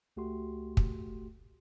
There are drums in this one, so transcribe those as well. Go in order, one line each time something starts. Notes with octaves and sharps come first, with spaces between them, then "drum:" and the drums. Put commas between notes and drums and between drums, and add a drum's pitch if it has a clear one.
C#2 A3 F#4 G4 C6
drum: kick